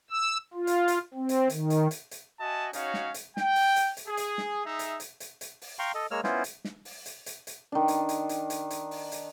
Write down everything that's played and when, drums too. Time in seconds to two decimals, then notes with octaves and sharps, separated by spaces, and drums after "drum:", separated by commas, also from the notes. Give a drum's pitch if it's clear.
0.10 E6
0.54 F4
0.67 drum: hi-hat
0.88 drum: hi-hat
1.14 C4
1.29 drum: hi-hat
1.50 D#3, drum: hi-hat
1.70 drum: hi-hat
1.91 drum: hi-hat
2.11 drum: hi-hat
2.40 F#4 D#5 E5 G#5 A5
2.73 C#4 D#4 F#4 C#5 F5, drum: hi-hat
2.94 drum: snare
3.14 drum: hi-hat
3.37 G5, drum: snare
3.56 drum: open hi-hat
3.76 drum: hi-hat
3.97 drum: hi-hat
4.07 G#4
4.17 drum: hi-hat
4.38 drum: snare
4.65 D#4 G#4 E5
4.79 drum: hi-hat
5.00 drum: hi-hat
5.20 drum: hi-hat
5.41 drum: hi-hat
5.62 drum: open hi-hat
5.79 F5 G5 A#5 C6 C#6
5.95 A4 D#5
6.11 G#3 A#3 C#5 E6 F6
6.24 B3 C#4 E4 F4 C5, drum: snare
6.44 drum: hi-hat
6.65 drum: snare
6.85 drum: open hi-hat
7.06 drum: hi-hat
7.26 drum: hi-hat
7.47 drum: hi-hat
7.72 D#3 D4
7.88 drum: hi-hat
8.09 drum: hi-hat
8.29 drum: hi-hat
8.50 drum: hi-hat
8.70 drum: hi-hat
8.91 drum: open hi-hat
9.12 drum: hi-hat